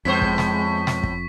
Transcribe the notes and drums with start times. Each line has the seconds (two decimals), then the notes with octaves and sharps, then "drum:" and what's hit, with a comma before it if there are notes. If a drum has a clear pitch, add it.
0.05 F2 A2 G#3 B3 C5 C#6 B6
0.22 drum: kick
0.38 drum: snare
0.87 drum: snare
1.03 drum: kick